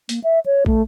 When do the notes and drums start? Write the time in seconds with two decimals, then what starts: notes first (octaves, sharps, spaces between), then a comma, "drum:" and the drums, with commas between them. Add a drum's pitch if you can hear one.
0.09 A#3, drum: hi-hat
0.24 E5
0.46 C#5
0.66 A3, drum: kick